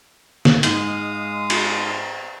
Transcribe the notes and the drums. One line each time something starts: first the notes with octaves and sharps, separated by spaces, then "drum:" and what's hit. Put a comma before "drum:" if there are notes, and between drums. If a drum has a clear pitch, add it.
drum: snare A#3
G#2 G#3 F5 D#6, drum: hi-hat
drum: cymbal